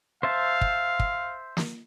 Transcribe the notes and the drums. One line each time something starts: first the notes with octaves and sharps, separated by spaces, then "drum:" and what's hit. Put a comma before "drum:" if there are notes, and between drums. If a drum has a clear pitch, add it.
C5 E5 F5 A5
drum: kick
drum: kick
drum: snare